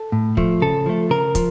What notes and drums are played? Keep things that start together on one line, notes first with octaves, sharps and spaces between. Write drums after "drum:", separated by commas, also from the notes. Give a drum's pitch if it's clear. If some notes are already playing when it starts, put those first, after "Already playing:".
Already playing: A4
A2
F3 A3, drum: kick
C#3 A4
F3 A3
C#3 A#4
F3, drum: kick, hi-hat